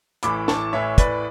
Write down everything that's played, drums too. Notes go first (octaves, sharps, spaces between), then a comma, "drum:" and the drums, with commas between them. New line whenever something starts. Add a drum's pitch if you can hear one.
A1 A2 E3 B5 D6, drum: hi-hat
A5 C#6, drum: snare
A1 A2 E3 C#5 E5
B4 D5, drum: kick, hi-hat